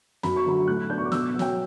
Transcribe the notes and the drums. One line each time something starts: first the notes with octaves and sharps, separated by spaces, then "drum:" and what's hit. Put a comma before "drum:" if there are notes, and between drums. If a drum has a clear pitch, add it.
F#2 B5, drum: snare
C#6
D3 F#3 B5
A2 F#6
F#3 B3 D4 G6
C#6
D6
B2 E6, drum: snare
F#3
C#4 G5, drum: snare